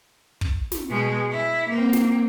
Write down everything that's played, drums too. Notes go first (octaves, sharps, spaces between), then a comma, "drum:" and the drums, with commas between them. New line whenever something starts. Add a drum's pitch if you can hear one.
drum: kick
drum: snare
B2 G#3
E4
A#3 C4
drum: snare